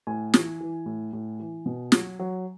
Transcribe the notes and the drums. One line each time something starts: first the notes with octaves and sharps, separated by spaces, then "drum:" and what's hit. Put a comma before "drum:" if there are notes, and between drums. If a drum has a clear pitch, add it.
A2 G#5
E3, drum: snare
E3
A2
A2
E3
B2
F#3, drum: snare
F#3